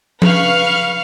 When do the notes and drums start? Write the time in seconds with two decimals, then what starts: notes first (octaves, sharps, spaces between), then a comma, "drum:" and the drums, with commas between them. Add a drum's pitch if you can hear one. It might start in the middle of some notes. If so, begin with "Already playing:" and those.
0.22 B4 F5 C#6 F6, drum: tom F3